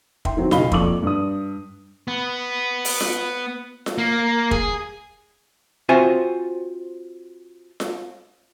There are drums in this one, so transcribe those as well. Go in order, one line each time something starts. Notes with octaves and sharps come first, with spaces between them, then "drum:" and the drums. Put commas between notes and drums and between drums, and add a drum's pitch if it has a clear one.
E5 G5 C6, drum: kick
D#3 F#3 C4 F#4
B1 C#3 D#5 F5 B5 G7, drum: snare F4
F2 A#2 C#6 D6 F#7, drum: kick
G2 D#6
B3
drum: open hi-hat
drum: snare F4
drum: snare F4
A#3
G#4, drum: kick
C4 F4 F#4 C5 E5 G#5
drum: snare F4